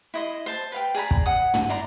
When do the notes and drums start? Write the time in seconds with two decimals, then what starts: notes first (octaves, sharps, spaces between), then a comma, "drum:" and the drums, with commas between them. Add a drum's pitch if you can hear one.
0.14 E4 D#5 C6
0.46 C5 A5
0.72 B4 F5 G5
0.95 G#4 D5 A#5 B5
1.11 drum: kick
1.26 F#5 D#6
1.54 drum: tom
1.69 E4 D5 A#5 C6